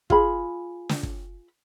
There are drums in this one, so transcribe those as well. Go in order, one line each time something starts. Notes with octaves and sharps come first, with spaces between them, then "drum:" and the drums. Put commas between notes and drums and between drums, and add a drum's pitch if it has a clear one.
F4 G#4 B5, drum: kick
drum: snare
drum: kick